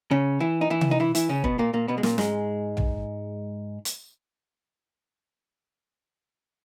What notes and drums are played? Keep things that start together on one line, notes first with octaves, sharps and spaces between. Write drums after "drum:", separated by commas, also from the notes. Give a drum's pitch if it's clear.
C#3 C#4
E3 E4
D#4
E3 E4
drum: tom C3
D#4
E3 E4
E3 E4, drum: hi-hat
C#3 C#4
B2 B3, drum: kick
A#2 A#3
A#2 A#3
B2 B3
G#3
A#2 A#3, drum: snare
G#2 G#3, drum: snare
drum: tom B1
drum: hi-hat